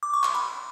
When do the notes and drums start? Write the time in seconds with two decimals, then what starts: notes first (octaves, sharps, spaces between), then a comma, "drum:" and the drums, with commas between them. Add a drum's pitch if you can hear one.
0.03 D6
0.14 C#6
0.23 C6, drum: clap
0.35 B5